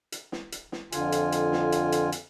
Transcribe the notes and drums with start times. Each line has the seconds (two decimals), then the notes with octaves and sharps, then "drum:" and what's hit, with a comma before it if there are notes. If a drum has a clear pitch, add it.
0.12 drum: hi-hat
0.32 drum: snare
0.52 drum: hi-hat
0.72 drum: snare
0.92 F2 D3 F4 G#5, drum: hi-hat
1.12 drum: hi-hat
1.32 drum: hi-hat
1.52 drum: snare
1.72 drum: hi-hat
1.92 drum: hi-hat
2.12 drum: hi-hat